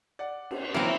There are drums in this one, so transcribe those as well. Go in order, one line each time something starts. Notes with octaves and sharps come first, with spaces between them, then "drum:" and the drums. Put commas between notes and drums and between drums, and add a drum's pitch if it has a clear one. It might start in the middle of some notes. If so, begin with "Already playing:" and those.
D5 F#5
drum: cymbal
E3 F#3 A#3 C4 E4